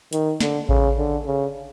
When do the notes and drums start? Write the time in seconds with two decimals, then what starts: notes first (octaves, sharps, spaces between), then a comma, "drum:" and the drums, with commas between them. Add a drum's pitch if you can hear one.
0.13 D#3, drum: hi-hat
0.41 D3, drum: snare
0.69 C#3, drum: kick A1
0.98 D3
1.26 C#3